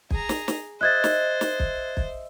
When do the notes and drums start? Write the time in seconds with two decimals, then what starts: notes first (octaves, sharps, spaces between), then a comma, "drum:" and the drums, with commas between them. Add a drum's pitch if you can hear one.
0.11 G#4 A#5, drum: kick
0.29 drum: snare
0.48 drum: snare
0.81 C5 D#5 E5 F#6 G#6 A6
1.04 drum: snare
1.41 drum: snare
1.60 drum: kick
1.97 drum: kick